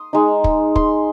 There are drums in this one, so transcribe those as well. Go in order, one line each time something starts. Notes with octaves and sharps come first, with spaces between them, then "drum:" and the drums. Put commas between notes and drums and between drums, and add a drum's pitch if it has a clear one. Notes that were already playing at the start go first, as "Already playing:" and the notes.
Already playing: C6 D#6
G#3 D#4
drum: kick
C6, drum: kick